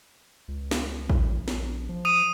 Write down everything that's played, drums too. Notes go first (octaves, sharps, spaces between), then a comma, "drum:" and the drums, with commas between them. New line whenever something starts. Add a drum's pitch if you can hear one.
C#2
drum: snare
drum: kick
A#1
drum: snare
F3
D#6 D#7